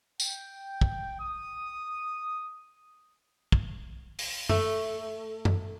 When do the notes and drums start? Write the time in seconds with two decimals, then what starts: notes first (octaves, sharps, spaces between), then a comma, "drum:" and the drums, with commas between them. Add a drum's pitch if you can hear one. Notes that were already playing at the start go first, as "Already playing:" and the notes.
0.20 G5, drum: tambourine
0.81 drum: kick
1.19 D#6
3.52 drum: kick
4.19 drum: open hi-hat
4.49 A3, drum: tom F#2
5.45 drum: tom F#2